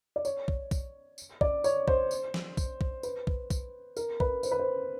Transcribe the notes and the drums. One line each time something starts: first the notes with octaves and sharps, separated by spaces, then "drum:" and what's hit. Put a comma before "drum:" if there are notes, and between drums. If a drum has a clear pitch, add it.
D5
C#5, drum: tambourine
drum: kick
drum: kick, tambourine
drum: tambourine
D5, drum: kick
C#5, drum: tambourine
C5, drum: kick
drum: tambourine
drum: snare
drum: kick, tambourine
drum: kick
B4, drum: tambourine
drum: kick
drum: kick, tambourine
A#4, drum: tambourine
B4, drum: kick
C5, drum: tambourine
B4
C5